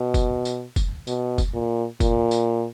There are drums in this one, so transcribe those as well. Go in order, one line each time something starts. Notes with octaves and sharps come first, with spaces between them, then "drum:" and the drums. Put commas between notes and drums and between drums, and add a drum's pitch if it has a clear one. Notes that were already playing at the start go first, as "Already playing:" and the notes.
Already playing: B2
drum: kick, tambourine
drum: tambourine
drum: kick, tambourine
B2, drum: tambourine
drum: kick, tambourine
A#2
A#2, drum: kick, tambourine
drum: tambourine